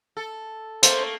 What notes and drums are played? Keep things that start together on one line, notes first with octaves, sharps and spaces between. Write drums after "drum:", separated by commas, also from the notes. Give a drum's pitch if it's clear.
A4
A3 A#3 A4 C5, drum: hi-hat